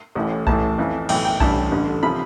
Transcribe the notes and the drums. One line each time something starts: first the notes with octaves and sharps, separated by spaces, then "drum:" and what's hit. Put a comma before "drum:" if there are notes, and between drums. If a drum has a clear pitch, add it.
A1 A2 E3
A1 A2 E3 A5, drum: kick B1
F2 E3
B1 A2 E3 G5, drum: cymbal
G5
A1 G2 E3 A5, drum: kick B1
A1 G2 D3
C3 F3 B5